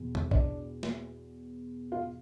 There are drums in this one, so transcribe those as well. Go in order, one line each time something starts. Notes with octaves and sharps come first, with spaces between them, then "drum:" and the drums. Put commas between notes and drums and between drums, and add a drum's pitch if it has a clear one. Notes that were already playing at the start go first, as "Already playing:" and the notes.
Already playing: E2 B2
drum: tom E2
D4 D5, drum: kick
drum: snare
F4 F5